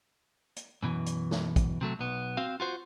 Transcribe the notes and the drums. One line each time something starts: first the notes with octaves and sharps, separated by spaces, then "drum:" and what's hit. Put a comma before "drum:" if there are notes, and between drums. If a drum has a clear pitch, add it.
drum: hi-hat
F#2 B2 E3
drum: hi-hat
drum: snare
drum: kick, hi-hat
C3 F#3 A3
B1 B3
C4 F#4 F5
F4 F#4 C5